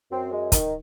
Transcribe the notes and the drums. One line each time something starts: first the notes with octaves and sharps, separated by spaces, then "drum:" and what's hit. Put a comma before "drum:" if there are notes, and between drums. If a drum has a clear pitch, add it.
F#2 C4
G#3
D#3, drum: kick, hi-hat